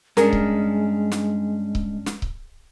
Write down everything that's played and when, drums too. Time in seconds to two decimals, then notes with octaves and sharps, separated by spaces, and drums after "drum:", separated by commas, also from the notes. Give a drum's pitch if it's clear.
0.17 G2 G#3 C#4 D4 G#4 A#4, drum: snare
0.33 drum: kick C#1
1.12 drum: snare
1.75 drum: kick C#1
2.06 drum: snare
2.22 drum: kick C#1